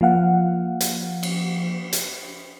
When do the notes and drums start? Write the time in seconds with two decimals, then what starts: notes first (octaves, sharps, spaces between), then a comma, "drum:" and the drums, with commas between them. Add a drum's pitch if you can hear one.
0.01 F3 A#3 F5 F#5
0.81 drum: hi-hat
1.23 drum: cymbal
1.93 drum: hi-hat